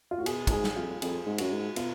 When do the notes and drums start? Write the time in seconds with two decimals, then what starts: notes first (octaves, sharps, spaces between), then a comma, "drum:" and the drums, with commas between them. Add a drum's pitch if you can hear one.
0.11 F4
0.18 A2 F#4
0.26 B2 G#4, drum: cymbal
0.47 A2, drum: kick, cymbal
0.51 G#2 G#4
0.64 drum: snare
0.76 F2 F4
1.02 F2 G#4, drum: cymbal
1.26 G#2
1.38 F#2 F#4, drum: cymbal
1.51 G#2
1.76 B2 F4, drum: cymbal